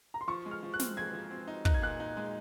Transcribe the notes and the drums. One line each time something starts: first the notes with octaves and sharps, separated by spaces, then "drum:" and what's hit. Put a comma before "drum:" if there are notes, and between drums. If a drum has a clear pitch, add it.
A#5
C6
F3 C#6
G#3
F6
F3
F#6
C4, drum: snare
G#3 G#6
F3
C4
D#4
D#4 F#6, drum: kick
G#6
A#2 F#6
D#4
G#3